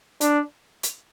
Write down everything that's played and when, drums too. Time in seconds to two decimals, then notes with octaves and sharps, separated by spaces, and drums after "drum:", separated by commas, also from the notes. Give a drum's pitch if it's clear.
0.21 D4, drum: hi-hat
0.83 drum: hi-hat